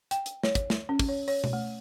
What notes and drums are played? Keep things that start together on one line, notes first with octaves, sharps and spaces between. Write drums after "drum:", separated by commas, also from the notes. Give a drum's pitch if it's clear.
G5, drum: hi-hat
drum: hi-hat
C#5, drum: snare
drum: kick, hi-hat
drum: snare
C#4
drum: kick, open hi-hat
C#5
C#5, drum: open hi-hat
drum: tom B2
A3